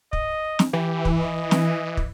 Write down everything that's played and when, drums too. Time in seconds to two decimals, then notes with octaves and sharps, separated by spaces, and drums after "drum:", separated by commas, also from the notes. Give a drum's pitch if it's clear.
0.13 D#5, drum: kick
0.59 drum: snare
0.73 E3 G4
1.05 drum: kick
1.19 D#5
1.51 drum: snare
1.97 drum: kick